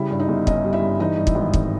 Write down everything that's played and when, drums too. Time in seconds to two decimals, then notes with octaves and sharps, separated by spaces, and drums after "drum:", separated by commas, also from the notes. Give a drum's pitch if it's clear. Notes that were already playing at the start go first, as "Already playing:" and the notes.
Already playing: C#3 G3 E4 E5
0.11 G2
0.19 D#4 D#5
0.28 G1
0.47 C#4 D#4 D#5, drum: kick
0.64 G3
0.73 E4 E5
0.82 G2
0.99 E3 D#4 D#5
1.18 G2
1.27 E4, drum: kick
1.35 G#1
1.54 G#1, drum: kick